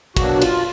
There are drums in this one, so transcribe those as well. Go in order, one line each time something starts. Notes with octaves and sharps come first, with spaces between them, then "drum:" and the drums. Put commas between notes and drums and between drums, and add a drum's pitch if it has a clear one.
B2 F#3 A#3 D4 F#4, drum: kick, cymbal
F4, drum: cymbal